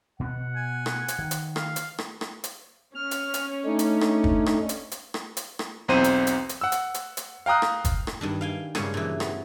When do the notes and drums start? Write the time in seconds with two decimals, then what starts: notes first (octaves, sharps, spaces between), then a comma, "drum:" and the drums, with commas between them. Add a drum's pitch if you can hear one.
0.20 B2 B3 F#5
0.56 G#5
0.86 drum: rim click
1.08 drum: hi-hat
1.19 D#3
1.31 drum: hi-hat
1.56 F5, drum: rim click
1.76 drum: hi-hat
1.98 drum: rim click
2.21 drum: rim click
2.44 drum: hi-hat
2.95 C#4 F6
3.11 drum: hi-hat
3.34 drum: hi-hat
3.65 A3 D4 D#4
3.79 drum: hi-hat
4.01 drum: rim click
4.24 drum: kick
4.46 drum: rim click
4.69 drum: hi-hat
4.92 drum: hi-hat
5.14 drum: rim click
5.37 drum: hi-hat
5.59 drum: rim click
5.88 B1 E2 C4 C5 D#7
6.04 drum: hi-hat
6.27 drum: hi-hat
6.49 drum: hi-hat
6.61 F#5 E6
6.72 drum: hi-hat
6.94 drum: hi-hat
7.17 drum: hi-hat
7.46 F5 G5 A#5 D#6 F#6
7.62 drum: rim click
7.85 drum: kick, hi-hat
8.07 drum: rim click
8.21 G2 D#3 D4
8.41 F5 G5 G#5
8.75 G2 A#2 C#3 G#3 C#4 C#5, drum: rim click
8.94 A#2 E3
9.20 B3, drum: rim click